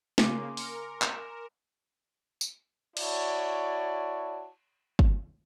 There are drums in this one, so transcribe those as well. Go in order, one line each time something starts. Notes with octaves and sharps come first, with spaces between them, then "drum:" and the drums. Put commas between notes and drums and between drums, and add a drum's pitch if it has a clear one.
C#3 A#3 G#5 C6 D6, drum: snare
A#4 C6 C#7, drum: open hi-hat
E7, drum: clap
drum: tambourine
E4 F#4 C#5 D5 A5, drum: cymbal
drum: kick